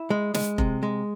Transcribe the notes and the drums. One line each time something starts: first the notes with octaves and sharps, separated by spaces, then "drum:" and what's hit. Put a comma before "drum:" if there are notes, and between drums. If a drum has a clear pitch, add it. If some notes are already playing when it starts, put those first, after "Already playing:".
Already playing: E4
G#3
G#3, drum: snare
C3, drum: kick F1
G#3